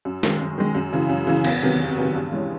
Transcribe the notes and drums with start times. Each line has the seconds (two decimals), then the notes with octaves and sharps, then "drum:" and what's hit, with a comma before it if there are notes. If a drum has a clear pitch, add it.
0.05 F#2
0.23 D#3 G#3, drum: snare
0.41 F#2
0.58 D#3 G#3
0.75 F#2
0.93 C#3 E3
1.09 F#2
1.27 C#3 E3
1.44 E2, drum: cymbal
1.62 C3 D#3 F#3 B3
1.80 E2
1.98 C3 D#3 F#3 B3
2.14 G2
2.32 E3 G#3 C#4